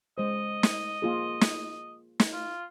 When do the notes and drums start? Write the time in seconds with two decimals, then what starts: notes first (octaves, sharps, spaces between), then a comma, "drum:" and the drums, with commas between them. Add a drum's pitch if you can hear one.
0.18 G#3 C5 D#5
0.63 drum: snare
1.02 A#3 F4 G#4
1.41 drum: snare
2.20 drum: snare
2.33 F4